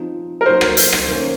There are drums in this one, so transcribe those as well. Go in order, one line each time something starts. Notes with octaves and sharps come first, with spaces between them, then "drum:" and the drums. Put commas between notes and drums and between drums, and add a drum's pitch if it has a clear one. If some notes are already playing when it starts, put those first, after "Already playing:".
Already playing: F3 C4 D#4
A#4
F#3 A#3 D#4 F#4 C5
drum: rim click
drum: hi-hat
drum: rim click
D#3 A#3 C#4